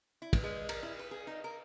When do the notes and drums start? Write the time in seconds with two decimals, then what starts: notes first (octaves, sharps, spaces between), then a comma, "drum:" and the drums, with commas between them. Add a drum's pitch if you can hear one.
0.22 E4
0.33 drum: kick, cymbal
0.44 G#3
0.69 A#4, drum: cymbal
0.83 E4
0.99 B4
1.11 G#4
1.27 D#4
1.44 A#4